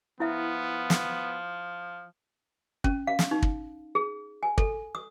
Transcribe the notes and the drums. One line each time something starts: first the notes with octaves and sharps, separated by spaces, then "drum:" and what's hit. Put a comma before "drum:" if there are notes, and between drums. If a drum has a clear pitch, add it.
F3 B3 E4 E5
drum: snare
C#4, drum: kick
F5
drum: snare
D#4
drum: kick
G#4
G#5
A4, drum: kick
D#6